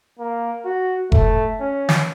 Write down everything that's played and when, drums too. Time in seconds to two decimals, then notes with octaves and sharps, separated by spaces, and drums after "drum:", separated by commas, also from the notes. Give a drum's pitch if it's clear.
0.19 A#3
0.65 F#4
1.12 A3, drum: kick F1
1.60 C#4
1.89 drum: snare